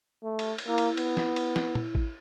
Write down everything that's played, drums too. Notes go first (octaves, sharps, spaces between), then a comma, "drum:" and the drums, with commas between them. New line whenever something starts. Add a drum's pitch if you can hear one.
A3
drum: cymbal
drum: cymbal
A#3 E4
drum: cymbal
B3, drum: cymbal
drum: snare
drum: cymbal
drum: snare
drum: tom
drum: kick A1